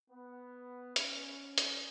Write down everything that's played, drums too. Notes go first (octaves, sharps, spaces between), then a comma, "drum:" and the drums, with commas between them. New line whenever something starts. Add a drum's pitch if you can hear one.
B3
C#4, drum: hi-hat
drum: hi-hat